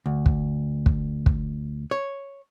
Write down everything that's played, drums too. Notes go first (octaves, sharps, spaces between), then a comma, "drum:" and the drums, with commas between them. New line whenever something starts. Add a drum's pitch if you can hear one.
D2
drum: kick
drum: kick
drum: kick
C#5